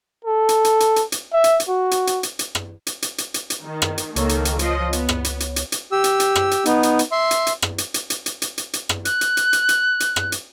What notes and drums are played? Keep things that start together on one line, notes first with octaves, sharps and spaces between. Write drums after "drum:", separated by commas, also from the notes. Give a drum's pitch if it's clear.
A4
drum: hi-hat
drum: hi-hat
drum: hi-hat
drum: hi-hat
drum: hi-hat
E5
drum: hi-hat
drum: hi-hat
F#4
drum: hi-hat
drum: hi-hat
drum: hi-hat
drum: hi-hat
drum: rim click
drum: hi-hat
drum: hi-hat
drum: hi-hat
drum: hi-hat
drum: hi-hat
D#3
drum: rim click
drum: hi-hat
C#2 D#3 A#3 A4 C#5, drum: hi-hat
drum: hi-hat
drum: hi-hat
F3 D#5, drum: hi-hat
B3, drum: hi-hat
drum: rim click
drum: hi-hat
drum: hi-hat
drum: hi-hat
drum: hi-hat
G4 E6
drum: hi-hat
drum: hi-hat
drum: rim click
drum: hi-hat
B3 D#4, drum: hi-hat
drum: hi-hat
drum: hi-hat
E5 C6
drum: hi-hat
drum: hi-hat
drum: rim click
drum: hi-hat
drum: hi-hat
drum: hi-hat
drum: hi-hat
drum: hi-hat
drum: hi-hat
drum: hi-hat
drum: rim click
F#6, drum: hi-hat
drum: hi-hat
drum: hi-hat
drum: hi-hat
drum: hi-hat
drum: hi-hat
drum: rim click
drum: hi-hat